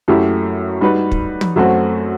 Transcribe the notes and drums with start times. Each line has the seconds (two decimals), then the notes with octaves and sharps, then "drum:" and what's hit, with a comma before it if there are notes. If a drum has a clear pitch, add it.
0.08 F#2 F#3 A3 E4 G4
0.81 G3 D#4 F#4 B4
1.12 drum: kick
1.41 drum: tom
1.56 F#2 F#3 A3 C4 F#4